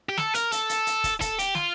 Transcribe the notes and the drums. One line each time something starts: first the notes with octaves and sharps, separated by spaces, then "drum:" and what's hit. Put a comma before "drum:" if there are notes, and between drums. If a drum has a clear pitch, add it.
G4
A4, drum: snare
A#4, drum: hi-hat
A4, drum: hi-hat
drum: hi-hat
drum: hi-hat
drum: kick, hi-hat
A4, drum: kick, hi-hat
G4, drum: hi-hat
F4, drum: snare